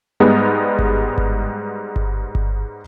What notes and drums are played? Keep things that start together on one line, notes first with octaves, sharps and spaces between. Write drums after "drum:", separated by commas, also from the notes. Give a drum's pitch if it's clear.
G#2 G3 G#3 B3
drum: kick G1
drum: kick G1
drum: kick G1
drum: kick G1